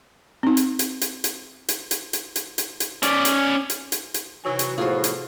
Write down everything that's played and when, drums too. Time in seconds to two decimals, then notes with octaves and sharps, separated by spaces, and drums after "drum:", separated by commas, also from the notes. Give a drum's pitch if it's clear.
0.43 C4 D#4
0.57 drum: hi-hat
0.79 drum: hi-hat
1.01 drum: hi-hat
1.24 drum: hi-hat
1.68 drum: hi-hat
1.91 drum: hi-hat
2.13 drum: hi-hat
2.36 drum: hi-hat
2.58 drum: hi-hat
2.80 drum: hi-hat
3.03 C#4 D5, drum: hi-hat
3.25 drum: hi-hat
3.70 drum: hi-hat
3.92 drum: hi-hat
4.14 drum: hi-hat
4.44 C3 E3 F#3 D#4 G#5
4.59 drum: hi-hat
4.78 E2 A2 F3 D#4 F4 F#4 G#4 C5
5.04 drum: hi-hat